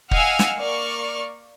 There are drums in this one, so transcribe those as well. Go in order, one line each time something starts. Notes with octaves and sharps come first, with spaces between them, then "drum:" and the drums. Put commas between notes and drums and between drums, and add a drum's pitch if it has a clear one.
D#5 F5 F#5 G#5 E6 F6, drum: kick
drum: snare
A#3 D5 C#6 F6